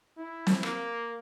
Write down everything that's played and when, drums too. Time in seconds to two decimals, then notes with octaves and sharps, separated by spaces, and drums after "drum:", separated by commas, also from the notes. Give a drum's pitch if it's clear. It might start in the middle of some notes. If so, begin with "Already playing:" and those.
0.17 E4
0.47 drum: snare
0.63 A#3, drum: rim click